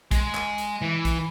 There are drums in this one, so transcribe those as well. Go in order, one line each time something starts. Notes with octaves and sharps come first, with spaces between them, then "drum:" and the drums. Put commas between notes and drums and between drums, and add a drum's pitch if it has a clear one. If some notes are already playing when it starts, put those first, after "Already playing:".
G#3, drum: kick A#1, hi-hat
drum: clap
drum: hi-hat
E3
drum: kick A#1, hi-hat